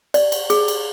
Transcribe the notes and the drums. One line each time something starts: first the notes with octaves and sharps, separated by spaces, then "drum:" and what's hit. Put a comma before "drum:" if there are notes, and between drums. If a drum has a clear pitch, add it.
D5, drum: cymbal
drum: cymbal
G#4, drum: cymbal
drum: cymbal